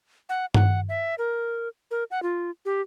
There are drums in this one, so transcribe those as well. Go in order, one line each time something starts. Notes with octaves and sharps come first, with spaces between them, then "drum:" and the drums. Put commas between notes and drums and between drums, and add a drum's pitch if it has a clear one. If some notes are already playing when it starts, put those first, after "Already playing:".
F#5
F#5, drum: tom G2
E5
A#4
A#4
F#5
F4
G4